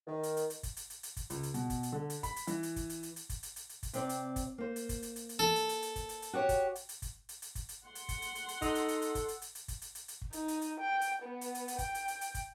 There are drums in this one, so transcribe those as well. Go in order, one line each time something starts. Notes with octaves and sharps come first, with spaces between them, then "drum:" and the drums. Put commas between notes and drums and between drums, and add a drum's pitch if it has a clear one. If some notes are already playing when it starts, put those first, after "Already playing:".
D#3
drum: hi-hat
drum: hi-hat
drum: hi-hat
drum: kick, hi-hat
drum: hi-hat
drum: hi-hat
drum: hi-hat
drum: kick, hi-hat
C#2, drum: hi-hat
drum: hi-hat
B2, drum: hi-hat
drum: kick, hi-hat
drum: hi-hat
D3
drum: hi-hat
B5, drum: kick, hi-hat
drum: hi-hat
E3, drum: hi-hat
drum: hi-hat
drum: kick, hi-hat
drum: hi-hat
drum: hi-hat
drum: hi-hat
drum: kick, hi-hat
drum: hi-hat
drum: hi-hat
drum: hi-hat
drum: kick, hi-hat
C3 C4 D5, drum: hi-hat
drum: hi-hat
drum: kick, hi-hat
A#3 C5
drum: hi-hat
drum: kick, hi-hat
drum: hi-hat
drum: hi-hat
drum: hi-hat
A4
drum: hi-hat
drum: hi-hat
drum: hi-hat
drum: kick, hi-hat
drum: hi-hat
drum: hi-hat
F#4 G4 C#5
drum: kick, hi-hat
drum: hi-hat
drum: hi-hat
drum: kick, hi-hat
drum: hi-hat
drum: hi-hat
drum: kick, hi-hat
drum: hi-hat
F#5 C6
drum: hi-hat
drum: kick, hi-hat
drum: hi-hat
drum: hi-hat
drum: hi-hat
D#4 A4, drum: kick, hi-hat
drum: hi-hat
drum: hi-hat
drum: hi-hat
drum: kick, hi-hat
drum: hi-hat
drum: hi-hat
drum: hi-hat
drum: kick, hi-hat
drum: hi-hat
drum: hi-hat
drum: hi-hat
drum: kick
D#4, drum: hi-hat
drum: hi-hat
drum: hi-hat
G5
drum: hi-hat
B3
drum: hi-hat
drum: hi-hat
drum: hi-hat
G5, drum: kick, hi-hat
drum: hi-hat
drum: hi-hat
drum: hi-hat
drum: kick, hi-hat